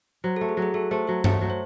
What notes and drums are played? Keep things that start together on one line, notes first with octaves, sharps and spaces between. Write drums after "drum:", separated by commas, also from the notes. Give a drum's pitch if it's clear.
F#3 C5
A3 A4
G#4
F#3
G#4
A3 A4
A3 C5
F#3 C5
A3 C#5, drum: tom G2
F#3
C5